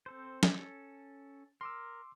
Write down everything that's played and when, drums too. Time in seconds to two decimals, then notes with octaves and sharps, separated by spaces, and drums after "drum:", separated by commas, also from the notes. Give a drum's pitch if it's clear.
0.06 C4 A4 C5
0.43 C#4 A4, drum: snare
1.61 A#4 C6 D6 E6